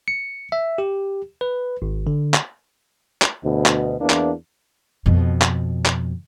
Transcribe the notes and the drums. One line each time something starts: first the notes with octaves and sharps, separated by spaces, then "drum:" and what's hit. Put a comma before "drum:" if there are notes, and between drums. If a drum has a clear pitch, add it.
C#7
E5
G4
B4
G#1
D3
drum: clap
drum: clap
D2 B2
drum: clap
E2 E3 A#3 D4
drum: clap
F2 B2
drum: clap
drum: clap